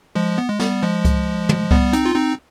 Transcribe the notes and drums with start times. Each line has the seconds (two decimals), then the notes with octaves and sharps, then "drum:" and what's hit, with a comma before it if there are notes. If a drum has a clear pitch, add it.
0.15 F3 G#3
0.38 B3
0.49 G#3
0.59 G3 B3, drum: snare
0.83 F3 G#3
1.05 drum: kick C#2, hi-hat
1.49 drum: tom
1.71 G3 B3, drum: kick C#2
1.93 C4 D#4, drum: hi-hat
2.05 F4
2.15 C4 D#4